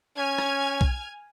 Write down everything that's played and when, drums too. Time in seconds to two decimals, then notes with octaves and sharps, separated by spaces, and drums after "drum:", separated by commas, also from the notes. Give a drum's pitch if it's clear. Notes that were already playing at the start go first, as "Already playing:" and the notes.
0.17 C#4 G#5 F6 G#6
0.38 drum: rim click
0.81 drum: kick B1